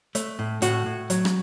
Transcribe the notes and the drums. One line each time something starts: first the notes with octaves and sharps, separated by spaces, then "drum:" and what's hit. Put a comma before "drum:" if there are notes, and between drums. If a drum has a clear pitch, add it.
A3, drum: hi-hat
A2
A2 F#4, drum: hi-hat
A2
F#3, drum: hi-hat
drum: rim click